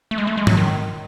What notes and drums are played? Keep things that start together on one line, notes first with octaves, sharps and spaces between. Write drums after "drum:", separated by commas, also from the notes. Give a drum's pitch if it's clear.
A3
G#3
A3
G#3
F#3, drum: tom G#2
D#3